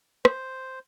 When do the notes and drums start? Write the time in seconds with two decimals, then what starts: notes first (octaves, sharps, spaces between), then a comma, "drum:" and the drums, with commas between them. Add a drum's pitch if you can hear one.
0.25 C5, drum: rim click